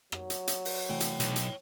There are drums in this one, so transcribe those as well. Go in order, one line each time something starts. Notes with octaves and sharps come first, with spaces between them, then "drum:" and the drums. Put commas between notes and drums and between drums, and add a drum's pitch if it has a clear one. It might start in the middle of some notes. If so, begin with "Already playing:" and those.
F#3, drum: rim click
drum: hi-hat
drum: hi-hat
drum: open hi-hat
C3 E3 A3 C#5 G5
drum: hi-hat
B1, drum: hi-hat
drum: hi-hat